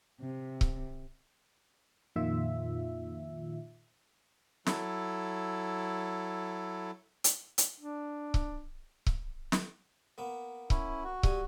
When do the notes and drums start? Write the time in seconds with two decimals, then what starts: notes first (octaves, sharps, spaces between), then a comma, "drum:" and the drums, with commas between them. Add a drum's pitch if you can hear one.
0.21 C3
0.61 drum: kick C#1
2.16 F2 A#2 D#3 F4 E5
4.66 F#3 E4 A4, drum: snare
7.24 drum: hi-hat
7.58 drum: hi-hat
7.80 D4
8.34 drum: kick C#1
9.06 drum: kick C#1
9.52 drum: snare
10.18 A#3 B3
10.70 C#4 E4, drum: kick C#1
11.04 F#4
11.23 G2 G#5, drum: kick C#1